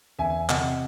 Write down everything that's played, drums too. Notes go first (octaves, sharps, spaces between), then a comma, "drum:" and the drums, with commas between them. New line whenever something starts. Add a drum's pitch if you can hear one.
E2 E5 G#5
C3 D#5 F#5, drum: clap